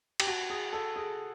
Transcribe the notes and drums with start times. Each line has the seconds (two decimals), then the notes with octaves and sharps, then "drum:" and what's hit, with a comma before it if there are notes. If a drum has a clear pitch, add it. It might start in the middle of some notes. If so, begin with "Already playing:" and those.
0.20 G4, drum: cymbal
0.27 F#4
0.50 G#4
0.73 A4
0.96 G#4